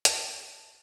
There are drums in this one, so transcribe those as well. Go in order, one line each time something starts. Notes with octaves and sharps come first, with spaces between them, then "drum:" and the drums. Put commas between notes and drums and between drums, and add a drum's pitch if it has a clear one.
A5, drum: hi-hat